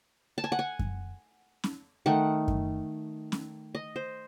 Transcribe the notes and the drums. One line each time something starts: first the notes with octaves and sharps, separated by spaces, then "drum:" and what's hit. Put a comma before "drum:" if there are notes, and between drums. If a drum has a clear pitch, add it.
A5
G#5
F#5
G#5
drum: kick F#2
drum: snare
D#3 A3 F#5
drum: kick F#2
drum: snare
D#5
C5